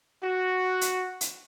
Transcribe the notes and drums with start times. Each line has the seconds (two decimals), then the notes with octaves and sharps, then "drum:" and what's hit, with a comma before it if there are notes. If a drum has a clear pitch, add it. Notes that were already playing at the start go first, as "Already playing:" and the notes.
0.22 F#4
0.81 drum: hi-hat
1.21 drum: hi-hat